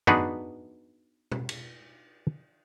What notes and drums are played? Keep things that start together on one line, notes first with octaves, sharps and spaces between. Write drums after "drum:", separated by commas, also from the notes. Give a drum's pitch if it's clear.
B3 D4 D#4 F#4 G#4 B4, drum: tom F#2
drum: tom
drum: cymbal